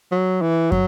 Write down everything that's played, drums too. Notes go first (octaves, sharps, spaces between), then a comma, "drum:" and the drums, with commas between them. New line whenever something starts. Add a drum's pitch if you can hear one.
F#3
E3
F#3, drum: kick